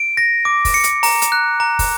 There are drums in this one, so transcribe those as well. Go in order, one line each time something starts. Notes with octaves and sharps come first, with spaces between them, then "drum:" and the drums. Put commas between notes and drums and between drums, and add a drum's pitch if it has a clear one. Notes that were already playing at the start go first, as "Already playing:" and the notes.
Already playing: D7
A#6
D6
drum: kick, open hi-hat
C#7
drum: hi-hat
A#5, drum: open hi-hat
drum: hi-hat
F#6
A#5
drum: kick, open hi-hat